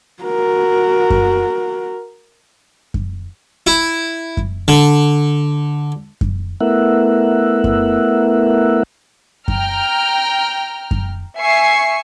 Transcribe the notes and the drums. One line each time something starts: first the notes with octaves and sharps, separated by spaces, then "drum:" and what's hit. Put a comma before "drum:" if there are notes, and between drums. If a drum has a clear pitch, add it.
F#4 A#4
drum: kick F#2
drum: kick F#2
E4
drum: kick F#2
D3
drum: kick F#2
A3 B3 E4 A#4 E5 F#5
drum: kick F#2
G5 A#5 F6, drum: kick F#2
drum: kick F#2
E5 G#5 C#6 C7